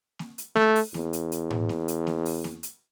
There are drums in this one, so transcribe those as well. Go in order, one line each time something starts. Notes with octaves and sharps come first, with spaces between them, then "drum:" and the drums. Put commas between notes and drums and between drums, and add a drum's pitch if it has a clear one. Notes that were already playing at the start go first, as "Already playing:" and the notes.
drum: snare A#3
drum: hi-hat
A3, drum: snare A#3
drum: open hi-hat
E2, drum: snare A#3
drum: hi-hat
drum: hi-hat
drum: tom A2
drum: snare A#3
drum: hi-hat
drum: snare A#3
drum: open hi-hat
drum: snare A#3
drum: hi-hat